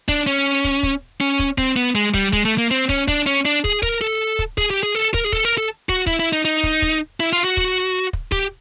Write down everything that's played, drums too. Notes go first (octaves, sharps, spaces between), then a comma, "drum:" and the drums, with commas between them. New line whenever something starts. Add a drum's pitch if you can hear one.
D4, drum: kick
C#4
drum: kick
drum: kick
C#4
drum: kick
C4, drum: kick
B3
G#3
G3, drum: kick
G#3, drum: kick
A3
A#3
C4
C#4, drum: kick
D4, drum: kick
C#4
D4
G#4, drum: kick
A#4, drum: kick
A4
drum: kick
G#4, drum: kick
G4
G#4
A4
A#4, drum: kick
G#4
A4, drum: kick
A#4
A4
F#4, drum: kick
E4, drum: kick
E4
D#4
D#4
drum: kick
drum: kick
E4
F4
F#4
drum: kick
drum: kick
G4, drum: kick